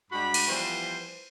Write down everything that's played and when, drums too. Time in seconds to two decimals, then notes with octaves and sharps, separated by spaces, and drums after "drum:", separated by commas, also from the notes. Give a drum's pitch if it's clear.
0.11 G2 G#3 D4 F#4 G4 B5
0.34 drum: cymbal
0.48 E3 F3 G3 B3 C5